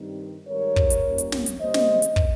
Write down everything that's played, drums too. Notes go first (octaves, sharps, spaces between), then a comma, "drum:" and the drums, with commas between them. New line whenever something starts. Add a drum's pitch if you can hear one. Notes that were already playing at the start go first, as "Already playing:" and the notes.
Already playing: G2 D#3 G3 C4 D#4
G#2 D#3 G3 A#4 C#5
drum: kick
drum: hi-hat
A#2 G3 C#4
drum: hi-hat
drum: snare
drum: hi-hat
C#3 G3 A#3 C5 D#5
drum: snare
drum: hi-hat
drum: kick